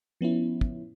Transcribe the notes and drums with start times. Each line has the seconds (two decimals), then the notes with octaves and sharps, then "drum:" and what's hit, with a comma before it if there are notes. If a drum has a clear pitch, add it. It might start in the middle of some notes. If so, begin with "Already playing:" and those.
0.21 F3 B3 C#4 E4
0.61 drum: kick